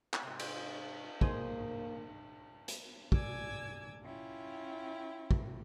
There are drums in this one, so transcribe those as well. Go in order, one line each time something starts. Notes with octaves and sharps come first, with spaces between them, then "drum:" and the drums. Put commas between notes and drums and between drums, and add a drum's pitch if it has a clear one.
drum: clap
G#2 C3
drum: cymbal
A#3 D#4 G#4 C5, drum: kick
drum: hi-hat
D5 G#5 D6 E6 G#6, drum: kick
C#4 E4 F4 G5
drum: kick